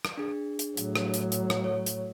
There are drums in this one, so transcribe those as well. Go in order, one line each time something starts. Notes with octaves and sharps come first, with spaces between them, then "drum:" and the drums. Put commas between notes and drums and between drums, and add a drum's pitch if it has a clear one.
drum: rim click
D4 G#4
drum: hi-hat
A2 F#3, drum: hi-hat
drum: rim click
drum: hi-hat
drum: hi-hat
drum: rim click
C#5
drum: hi-hat